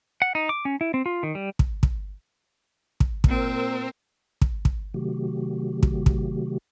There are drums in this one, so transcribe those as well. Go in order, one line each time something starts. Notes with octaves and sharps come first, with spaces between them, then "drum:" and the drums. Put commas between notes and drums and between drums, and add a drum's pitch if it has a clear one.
F#5
D#4
D6
C#4
E4
C4
F4
D#3
G3
drum: kick
drum: kick
drum: kick
A#2 C4 A#4 C5 E6, drum: kick
drum: kick
drum: kick
C3 D#3 F#3 A3 F#4 G4
drum: kick
drum: kick